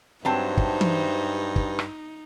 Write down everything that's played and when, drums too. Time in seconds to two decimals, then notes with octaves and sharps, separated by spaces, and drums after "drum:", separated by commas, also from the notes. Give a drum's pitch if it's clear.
0.25 G2 F#3 C4 D#4 C5 E5 A5
0.57 drum: kick
0.81 drum: tom
1.56 drum: kick
1.79 drum: rim click